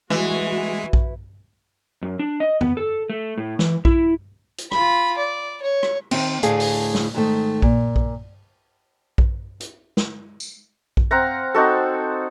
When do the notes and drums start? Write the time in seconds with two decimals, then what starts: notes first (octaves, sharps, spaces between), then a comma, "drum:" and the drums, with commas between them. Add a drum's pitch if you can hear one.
0.10 E3 G#3 F#4
0.93 drum: kick A#1
2.02 F#2
2.19 D4
2.40 D#5
2.61 B3, drum: tom F2
2.77 A4
3.10 A3
3.38 A2
3.59 E3, drum: snare
3.85 E4, drum: kick A#1
4.58 drum: hi-hat
4.72 F4 B5, drum: rim click
5.18 D5
5.62 C#5
5.83 drum: rim click
6.11 D#3 C4, drum: cymbal
6.43 D2 A2 G#4 F5 G#5, drum: hi-hat
6.60 drum: open hi-hat
6.95 drum: snare
7.15 G#2 D#3 A3
7.62 A#2, drum: kick A#1
7.96 drum: kick A#1
9.18 drum: kick A#1
9.60 drum: hi-hat
9.97 drum: snare
10.40 drum: tambourine
10.97 drum: kick A#1
11.11 C4 F5 F#5 A#5
11.54 C4 D#4 F#4 A4